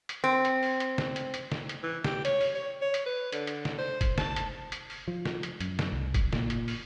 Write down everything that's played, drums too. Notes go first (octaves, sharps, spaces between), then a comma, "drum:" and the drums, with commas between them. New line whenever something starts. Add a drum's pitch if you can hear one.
drum: hi-hat
C4
drum: hi-hat
drum: open hi-hat
drum: hi-hat
drum: snare
drum: hi-hat
drum: hi-hat
drum: snare
drum: hi-hat
E3
G4, drum: snare
C#5, drum: hi-hat
drum: open hi-hat
C#5
C#5
drum: hi-hat
B4
D3, drum: hi-hat
drum: hi-hat
drum: snare
C5
drum: kick, hi-hat
A5, drum: snare
drum: hi-hat
drum: hi-hat
drum: open hi-hat
F3
drum: snare
drum: hi-hat
F#2, drum: hi-hat
drum: snare
C2
drum: kick, hi-hat
A#2, drum: snare
drum: hi-hat
drum: open hi-hat